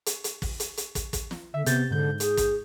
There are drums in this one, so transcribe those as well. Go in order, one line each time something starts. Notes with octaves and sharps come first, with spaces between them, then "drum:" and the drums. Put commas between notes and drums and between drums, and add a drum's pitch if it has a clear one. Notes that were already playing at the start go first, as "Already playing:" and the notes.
drum: hi-hat
drum: hi-hat
drum: kick, open hi-hat
drum: hi-hat
drum: hi-hat
drum: kick, hi-hat
drum: kick, hi-hat
drum: snare
D3 E5
C3 B3 G6 A6, drum: hi-hat
G#2 D3 G6
G#4, drum: hi-hat
drum: kick, hi-hat